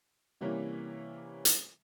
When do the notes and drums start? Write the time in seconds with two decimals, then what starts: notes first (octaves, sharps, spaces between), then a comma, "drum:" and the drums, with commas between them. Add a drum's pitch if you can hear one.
0.41 C3 E3 G3 A#3 C#4
1.45 drum: hi-hat